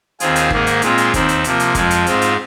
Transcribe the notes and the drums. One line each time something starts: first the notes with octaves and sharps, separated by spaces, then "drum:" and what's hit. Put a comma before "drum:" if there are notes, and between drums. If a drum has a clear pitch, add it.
D#2 D#3 C4 F4 G#4, drum: hi-hat
drum: hi-hat
G#2 D#3 A#3 G#4, drum: kick
drum: hi-hat
A#2 G#3 C4 F4, drum: hi-hat
drum: hi-hat
D#2 D#3 C4, drum: kick, hi-hat
drum: hi-hat
C3 F3 A#3, drum: hi-hat
drum: hi-hat
F2 F3 G#3, drum: kick, hi-hat
drum: hi-hat
G#2 G#3 C4 F4, drum: hi-hat
drum: hi-hat